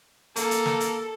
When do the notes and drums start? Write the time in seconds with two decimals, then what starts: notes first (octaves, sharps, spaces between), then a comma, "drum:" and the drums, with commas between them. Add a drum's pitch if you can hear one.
0.36 A#3 A4, drum: hi-hat
0.51 drum: hi-hat
0.66 drum: snare
0.80 drum: hi-hat